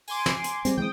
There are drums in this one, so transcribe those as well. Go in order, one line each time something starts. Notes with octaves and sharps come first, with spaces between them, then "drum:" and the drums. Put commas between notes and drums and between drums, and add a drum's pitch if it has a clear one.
G#5 C6 D6, drum: open hi-hat
drum: snare
drum: hi-hat
G3 G#3 C4, drum: hi-hat
E3 G#3 C4 G5 D#6